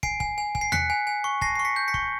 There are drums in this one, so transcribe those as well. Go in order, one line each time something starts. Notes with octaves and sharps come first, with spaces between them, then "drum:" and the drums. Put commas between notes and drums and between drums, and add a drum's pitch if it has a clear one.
G#5 C7 D7, drum: kick
G#5, drum: kick
G#5
G#5, drum: kick
C7
F#6 B6 C#7, drum: tom D#2
G#5
G#5
C#6
A5 A#6 C7, drum: kick
C#6 C7
B6 C#7
G6
B6 C#7
C#6, drum: kick